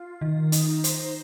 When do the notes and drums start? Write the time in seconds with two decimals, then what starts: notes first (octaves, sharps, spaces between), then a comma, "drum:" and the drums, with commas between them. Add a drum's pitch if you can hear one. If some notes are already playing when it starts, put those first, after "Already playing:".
Already playing: F4
0.21 D#3
0.52 D#4, drum: hi-hat
0.84 C5, drum: hi-hat